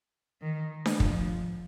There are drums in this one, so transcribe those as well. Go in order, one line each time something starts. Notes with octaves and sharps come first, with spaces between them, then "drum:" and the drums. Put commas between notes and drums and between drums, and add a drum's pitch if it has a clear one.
D#3
drum: snare D4
F3, drum: kick